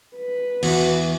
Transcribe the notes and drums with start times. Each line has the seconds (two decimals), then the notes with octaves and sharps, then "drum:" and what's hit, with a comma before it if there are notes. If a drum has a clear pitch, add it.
0.17 B4
0.63 E2 E3 F#4, drum: cymbal